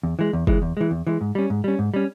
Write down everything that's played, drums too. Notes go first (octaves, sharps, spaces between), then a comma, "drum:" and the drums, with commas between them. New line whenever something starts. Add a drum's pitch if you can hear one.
E2
E3 G#3
E2
E3 G#3, drum: kick
E2
E3 G#3
E2
E3 G#3
G#2
G3 C#4
G#2
G3 C#4
G#2
G3 C#4